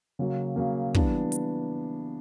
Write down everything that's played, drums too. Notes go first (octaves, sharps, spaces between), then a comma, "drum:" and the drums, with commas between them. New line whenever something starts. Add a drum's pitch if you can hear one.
C#3 F#3 A#3
C#3 F#3 A#3
E3 G3 B3 D4, drum: kick
drum: hi-hat